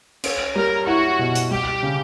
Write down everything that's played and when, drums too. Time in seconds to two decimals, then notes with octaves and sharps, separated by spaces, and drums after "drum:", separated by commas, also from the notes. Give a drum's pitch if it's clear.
0.24 C#4, drum: cymbal
0.56 G3 A#4
0.87 E4 F#4
1.19 B2
1.35 drum: hi-hat
1.51 G3 G4
1.83 C#3